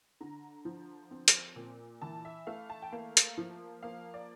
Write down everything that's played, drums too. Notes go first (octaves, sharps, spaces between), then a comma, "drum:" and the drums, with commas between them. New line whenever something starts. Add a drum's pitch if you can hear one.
D3 A#5
F3
C4
drum: hi-hat
A#2
E3 A5
E5
A3 F5
A5
G5
A#3 F5
drum: hi-hat
F3
A#3 F5
D5